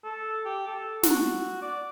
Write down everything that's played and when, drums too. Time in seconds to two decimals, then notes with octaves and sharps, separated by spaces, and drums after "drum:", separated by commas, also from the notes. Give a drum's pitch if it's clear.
0.04 A4
0.45 G4
0.67 A4
1.03 F#4, drum: snare
1.62 D5